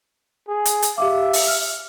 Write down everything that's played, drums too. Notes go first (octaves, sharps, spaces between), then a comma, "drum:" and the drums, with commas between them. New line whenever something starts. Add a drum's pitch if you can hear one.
G#4
drum: hi-hat
drum: hi-hat
G4 E5 F5 D6
drum: open hi-hat
F6